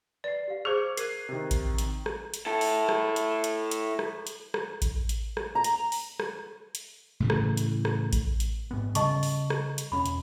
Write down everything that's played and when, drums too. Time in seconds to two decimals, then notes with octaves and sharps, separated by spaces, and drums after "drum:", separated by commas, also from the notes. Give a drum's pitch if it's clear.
0.24 B4 D5 C7
0.48 G4 F5
0.65 G#4 C5 C#6 D6 F6 F#6 G#6
0.97 A#4 F#6 G#6 C7 D#7, drum: hi-hat
1.29 C3 D#3
1.51 drum: kick A1, hi-hat
1.78 drum: hi-hat
2.06 drum: rim click
2.34 drum: hi-hat
2.46 E4 A4
2.61 drum: open hi-hat
2.89 drum: rim click
3.16 drum: hi-hat
3.44 drum: hi-hat
3.71 drum: hi-hat
3.99 drum: rim click
4.27 drum: hi-hat
4.54 drum: rim click
4.82 drum: kick A1, hi-hat
5.09 drum: hi-hat
5.37 drum: rim click
5.55 A#5
5.64 drum: hi-hat
5.92 drum: open hi-hat
6.20 drum: rim click
6.75 drum: hi-hat
7.20 A2 C#3 E3
7.30 drum: rim click
7.57 drum: hi-hat
7.85 drum: rim click
8.13 drum: kick A1, hi-hat
8.40 drum: hi-hat
8.71 G#2 B3
8.95 C#3 G3 C#4 D#5 A5 C#6, drum: hi-hat
9.23 drum: open hi-hat
9.50 drum: rim click
9.78 drum: hi-hat
9.92 E1 C#4 B5
10.06 drum: hi-hat